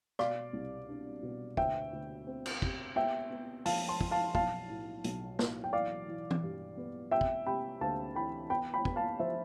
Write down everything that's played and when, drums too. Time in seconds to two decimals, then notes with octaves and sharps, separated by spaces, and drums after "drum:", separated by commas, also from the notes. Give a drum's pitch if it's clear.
0.19 B2 D5 F5, drum: rim click
0.53 C2
0.89 D4
1.23 B2
1.57 D2 E5 G5, drum: kick
1.93 D2
2.27 C4
2.46 drum: cymbal
2.62 C3, drum: kick
2.96 B3 E5 G5
3.31 B3
3.66 F3 F5 A5, drum: open hi-hat
3.88 A5 C6
4.01 F3, drum: kick
4.11 F5 A5
4.35 B1 F5 A5, drum: kick
4.70 A2
5.04 B1, drum: hi-hat
5.39 A2, drum: snare
5.64 G5
5.73 E3 D5 F5
6.08 E3
6.31 drum: tom E3
6.43 G2
6.77 B3
7.11 C3 E5 G5
7.21 drum: kick
7.46 C3 G5 B5
7.81 D2 F5 A5
8.16 E3 G5 B5
8.50 B3 G5 B5
8.74 G5 B5
8.85 B3, drum: kick
8.96 F5 A5
9.19 F3 C5 E5